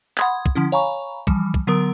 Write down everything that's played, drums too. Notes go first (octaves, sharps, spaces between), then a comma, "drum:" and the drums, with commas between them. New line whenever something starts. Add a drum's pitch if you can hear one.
F#5 B5 C6 D#6 G#6, drum: clap
drum: kick
D3 F3 C#4 E4
C#5 F5 G#5 A#5 B5 C#6
E3 F3 G3, drum: kick
drum: kick
D3 F#3 B3 A#4 D#6